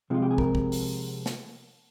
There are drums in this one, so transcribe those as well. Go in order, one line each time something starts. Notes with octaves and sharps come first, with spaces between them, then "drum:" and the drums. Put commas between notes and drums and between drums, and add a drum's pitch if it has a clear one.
C3 F3 G#3 F4
G4
G#4
A#4, drum: kick
drum: kick
drum: open hi-hat
drum: snare